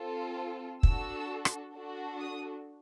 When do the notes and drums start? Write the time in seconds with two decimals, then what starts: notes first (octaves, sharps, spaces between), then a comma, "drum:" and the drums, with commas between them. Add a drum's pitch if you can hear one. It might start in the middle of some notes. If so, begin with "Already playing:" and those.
Already playing: C4 F4 A4
0.83 D4 F#4 A4 E6, drum: kick
1.45 drum: rim click
1.74 D4 F#4 A4
2.20 D#6